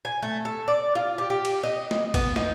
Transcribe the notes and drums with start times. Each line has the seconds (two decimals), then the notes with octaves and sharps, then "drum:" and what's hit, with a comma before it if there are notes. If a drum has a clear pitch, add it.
0.05 G#5
0.22 A3
0.45 A4
0.68 D5
0.95 F4
1.18 G4
1.30 G4
1.45 drum: cymbal
1.63 D#5
1.91 drum: snare
2.14 B3, drum: kick, cymbal
2.36 D#4, drum: snare